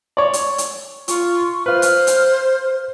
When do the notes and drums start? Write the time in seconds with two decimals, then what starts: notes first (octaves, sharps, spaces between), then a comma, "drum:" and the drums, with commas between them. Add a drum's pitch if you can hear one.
0.17 C#5 D5
0.33 drum: hi-hat
0.58 drum: hi-hat
1.08 F4 C#6, drum: hi-hat
1.66 F4 B4 C5 F6
1.82 drum: hi-hat
2.07 drum: hi-hat